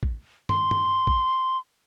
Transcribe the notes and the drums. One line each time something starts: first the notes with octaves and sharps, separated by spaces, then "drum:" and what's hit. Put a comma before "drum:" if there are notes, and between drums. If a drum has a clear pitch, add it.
drum: kick A1
C6, drum: tom
drum: tom G2
drum: kick A1